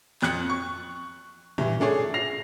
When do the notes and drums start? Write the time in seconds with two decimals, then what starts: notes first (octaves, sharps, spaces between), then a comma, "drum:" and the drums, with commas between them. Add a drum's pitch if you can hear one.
0.22 F2 F#6 C#7, drum: clap
0.50 C#6
1.58 G2 E3, drum: tom A2
1.80 A3 D4 G#4 C#5
2.14 A#6 C7 F7